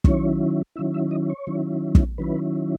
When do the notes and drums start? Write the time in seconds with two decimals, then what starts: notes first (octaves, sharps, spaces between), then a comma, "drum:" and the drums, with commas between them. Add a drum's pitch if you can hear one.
0.04 D#3 F#3 C#4 E4 C#5, drum: kick
0.76 D#3 F#3 C#4 E4 E5
0.94 E5
1.11 D#5
1.30 C#5
1.47 D#3 F#3 C#4 E4
1.95 drum: kick
2.18 D#3 F#3 C#4 E4 B4